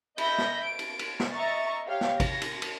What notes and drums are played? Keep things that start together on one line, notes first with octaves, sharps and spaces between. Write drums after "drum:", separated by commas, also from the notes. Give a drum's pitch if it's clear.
D#5 E5 B5 G6 A#6, drum: cymbal
drum: snare
D7
drum: cymbal
drum: cymbal
drum: snare
D#5 E5 A#5 C#6 A6
G4 C#5 F5
drum: snare
A#6, drum: kick, cymbal
drum: cymbal
drum: cymbal